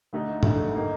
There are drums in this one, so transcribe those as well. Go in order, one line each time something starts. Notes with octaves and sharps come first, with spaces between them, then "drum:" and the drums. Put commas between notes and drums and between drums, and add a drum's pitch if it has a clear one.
D2 D3 A3 D#4
D2 D3 A3 D#4, drum: tom G#2
D#3 A#3 D#4